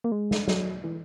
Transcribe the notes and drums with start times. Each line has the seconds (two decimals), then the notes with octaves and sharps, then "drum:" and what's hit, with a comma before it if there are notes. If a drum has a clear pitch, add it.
0.04 A#3
0.12 G#3
0.31 drum: snare
0.48 F#3, drum: snare
0.84 E3